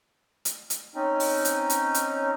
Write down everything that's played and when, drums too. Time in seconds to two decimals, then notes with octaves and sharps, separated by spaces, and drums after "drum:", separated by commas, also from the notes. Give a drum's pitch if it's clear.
0.45 drum: hi-hat
0.70 drum: hi-hat
0.95 C4 C#4 D#4
1.20 drum: open hi-hat
1.45 drum: hi-hat
1.70 drum: hi-hat
1.94 drum: hi-hat